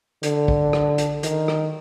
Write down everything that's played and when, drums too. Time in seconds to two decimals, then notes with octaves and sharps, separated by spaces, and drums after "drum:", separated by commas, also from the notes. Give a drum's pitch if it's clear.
0.23 D3, drum: hi-hat
0.48 drum: kick
0.73 drum: rim click
0.98 drum: hi-hat
1.23 D#3, drum: hi-hat
1.48 drum: rim click